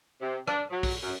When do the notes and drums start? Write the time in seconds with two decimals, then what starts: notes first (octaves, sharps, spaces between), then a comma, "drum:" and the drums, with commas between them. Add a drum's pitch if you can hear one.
0.21 C3
0.47 D4, drum: rim click
0.70 F#3
0.83 drum: kick, open hi-hat
1.03 F#2